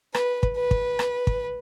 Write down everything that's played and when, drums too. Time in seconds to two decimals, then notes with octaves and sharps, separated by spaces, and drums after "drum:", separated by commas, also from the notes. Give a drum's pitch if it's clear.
0.14 B4, drum: rim click
0.43 drum: kick
0.57 B4
0.71 drum: kick
0.99 drum: rim click
1.27 drum: kick